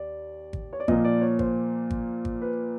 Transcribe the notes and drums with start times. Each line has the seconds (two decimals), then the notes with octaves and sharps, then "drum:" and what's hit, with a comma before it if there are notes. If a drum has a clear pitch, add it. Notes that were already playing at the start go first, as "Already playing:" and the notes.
Already playing: D#2 D5
0.53 drum: kick G#1
0.73 C#5
0.80 D5
0.88 A#2 F3 A#3 D#5, drum: kick G#1
1.05 D5
1.21 C#5
1.39 C5, drum: kick G#1
1.91 drum: kick G#1
2.25 drum: kick G#1
2.42 B4